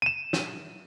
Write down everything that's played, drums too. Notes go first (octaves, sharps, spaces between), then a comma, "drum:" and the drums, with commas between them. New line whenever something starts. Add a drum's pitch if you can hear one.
D#7 E7
drum: snare